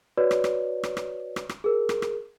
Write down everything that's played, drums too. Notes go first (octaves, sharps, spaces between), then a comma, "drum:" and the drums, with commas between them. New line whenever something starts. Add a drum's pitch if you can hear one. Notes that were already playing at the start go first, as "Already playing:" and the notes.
F#4 B4 C#5 D5
drum: rim click
drum: rim click
drum: rim click
drum: rim click
drum: rim click
drum: rim click
G#4 A#4
drum: rim click
drum: rim click